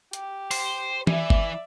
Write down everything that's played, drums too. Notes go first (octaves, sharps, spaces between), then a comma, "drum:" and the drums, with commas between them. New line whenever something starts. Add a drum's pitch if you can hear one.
G4, drum: hi-hat
C5, drum: open hi-hat
E3 D5 E5, drum: tom E3
drum: kick G1